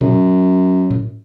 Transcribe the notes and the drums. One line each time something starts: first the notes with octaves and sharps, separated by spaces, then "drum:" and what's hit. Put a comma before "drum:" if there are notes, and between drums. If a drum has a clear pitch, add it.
F#2, drum: tom A#2
drum: tom G#2